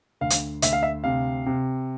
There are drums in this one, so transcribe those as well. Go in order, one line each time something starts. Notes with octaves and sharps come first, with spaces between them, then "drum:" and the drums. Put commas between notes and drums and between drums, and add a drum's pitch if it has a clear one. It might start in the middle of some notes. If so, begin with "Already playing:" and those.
D2 F5
drum: hi-hat
D2 E5, drum: hi-hat
F5
E5
C3 F5
C3